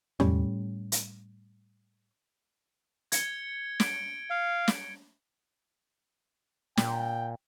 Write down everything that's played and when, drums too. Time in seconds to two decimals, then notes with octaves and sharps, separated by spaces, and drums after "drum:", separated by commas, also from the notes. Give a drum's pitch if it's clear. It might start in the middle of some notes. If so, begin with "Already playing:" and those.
0.20 A2 G3 C#4, drum: tom E2
0.92 drum: hi-hat
3.12 G#6 C#7 G7, drum: hi-hat
3.80 D7, drum: snare
4.30 F5
4.68 drum: snare
6.77 A#2 G5, drum: snare